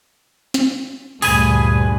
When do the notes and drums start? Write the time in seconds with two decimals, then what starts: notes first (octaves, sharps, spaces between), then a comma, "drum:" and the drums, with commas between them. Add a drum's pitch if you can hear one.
0.54 drum: snare
1.22 D2 G2 A#2 G#4 B4 G#5, drum: open hi-hat